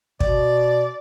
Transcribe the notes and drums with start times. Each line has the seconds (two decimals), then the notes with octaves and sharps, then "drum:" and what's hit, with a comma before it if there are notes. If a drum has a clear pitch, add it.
0.20 B2 D5, drum: kick